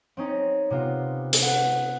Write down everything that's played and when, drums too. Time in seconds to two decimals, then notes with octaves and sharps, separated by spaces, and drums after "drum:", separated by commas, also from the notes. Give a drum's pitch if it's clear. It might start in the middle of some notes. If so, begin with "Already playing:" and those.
0.17 C4 C#4 D#4
0.70 C3 B3 F4
1.33 drum: hi-hat
1.42 B4 F#5